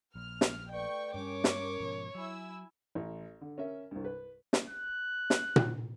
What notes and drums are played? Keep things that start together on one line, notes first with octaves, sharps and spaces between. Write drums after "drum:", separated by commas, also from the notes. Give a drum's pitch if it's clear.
A#1 F6
drum: snare
A3 B4 D5 G5 C#6
G2 G3 C#4 A#4 C#5 D6
drum: snare
G#2 B2 F3
F#3 E4 G#5 E6
A1
D3
C#4 A#4 E5
C2 G2
B4
drum: snare
F#6
drum: snare
drum: tom A#2